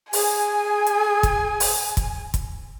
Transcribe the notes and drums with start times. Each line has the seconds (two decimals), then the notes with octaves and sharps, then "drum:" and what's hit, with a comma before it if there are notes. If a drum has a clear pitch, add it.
0.13 G#4 G#5, drum: open hi-hat
0.87 drum: hi-hat
1.23 drum: kick, hi-hat
1.60 drum: open hi-hat
1.97 drum: kick, hi-hat
2.34 drum: kick, hi-hat